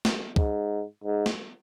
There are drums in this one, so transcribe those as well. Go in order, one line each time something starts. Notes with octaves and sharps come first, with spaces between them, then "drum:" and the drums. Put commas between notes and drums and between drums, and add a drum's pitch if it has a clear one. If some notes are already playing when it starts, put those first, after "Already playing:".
drum: snare
G#2, drum: kick
G#2
drum: snare